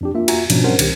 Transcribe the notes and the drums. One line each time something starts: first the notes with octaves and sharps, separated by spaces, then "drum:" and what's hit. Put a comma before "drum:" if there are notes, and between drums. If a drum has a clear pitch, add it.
F2 D4 G4
A#3 F4 E5
F4 F#4 E5 G#5 A#5, drum: cymbal
G#2 B2 F3 F#3 C#4 D4, drum: cymbal
G3 C4 C#4 A#4 C5 F#5
C2 D#3 G4, drum: cymbal